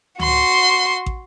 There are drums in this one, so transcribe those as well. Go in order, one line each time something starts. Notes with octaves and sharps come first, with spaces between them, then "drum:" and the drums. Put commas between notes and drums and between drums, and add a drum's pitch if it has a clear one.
F#4 C6, drum: tom C#2
drum: kick